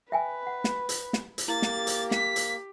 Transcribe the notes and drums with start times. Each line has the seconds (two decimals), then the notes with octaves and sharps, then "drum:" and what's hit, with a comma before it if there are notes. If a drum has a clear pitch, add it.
0.12 B4 E5 G5 G#5
0.47 F#5
0.64 drum: snare
0.89 drum: hi-hat
1.13 drum: snare
1.38 drum: hi-hat
1.48 A#3 E4 G4 A6
1.62 drum: snare
1.87 drum: hi-hat
2.11 B6, drum: snare
2.36 drum: hi-hat